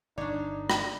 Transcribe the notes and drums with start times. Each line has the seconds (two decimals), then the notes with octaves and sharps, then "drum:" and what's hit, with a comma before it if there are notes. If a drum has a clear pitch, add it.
0.18 G1 A2 D4 D#4 C#5 D5
0.70 drum: rim click